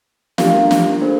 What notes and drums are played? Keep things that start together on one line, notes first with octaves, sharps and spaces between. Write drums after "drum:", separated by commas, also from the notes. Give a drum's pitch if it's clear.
A3 D4 G4 A#4 F5, drum: snare
drum: snare
A#3 D4 A4 C5